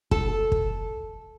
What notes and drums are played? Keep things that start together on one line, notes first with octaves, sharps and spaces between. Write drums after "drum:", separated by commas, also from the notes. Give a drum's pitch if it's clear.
A4, drum: kick
drum: kick